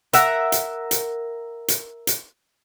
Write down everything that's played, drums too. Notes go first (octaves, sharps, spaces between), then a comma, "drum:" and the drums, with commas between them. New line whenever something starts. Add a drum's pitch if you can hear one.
A#4 E5 F#5, drum: hi-hat
drum: hi-hat
drum: hi-hat
drum: hi-hat
drum: hi-hat